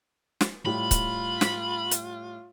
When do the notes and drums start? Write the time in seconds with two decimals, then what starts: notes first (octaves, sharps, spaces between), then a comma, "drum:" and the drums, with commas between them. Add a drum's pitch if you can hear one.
0.41 drum: snare
0.66 A2 G3 F4 B5
0.91 drum: kick C#1, hi-hat
1.41 drum: snare
1.91 drum: hi-hat